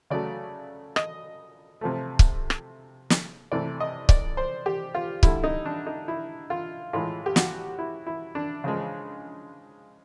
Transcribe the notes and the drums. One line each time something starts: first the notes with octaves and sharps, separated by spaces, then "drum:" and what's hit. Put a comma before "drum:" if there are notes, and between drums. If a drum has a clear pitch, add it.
C#3 F#3 A3 D5
D#5, drum: rim click
C3 F3 A3
drum: kick C#1
drum: rim click
drum: snare
C3 E3 A3 D5
D#5
D5, drum: kick C#1
C5
G4
F4
D3 G3 E4, drum: kick C#1
D#4
D4
D#4
E4
F4
A2 E3 G#3 F4
G4
F#4, drum: snare
E4
E4
D4
C#3 F3 G#3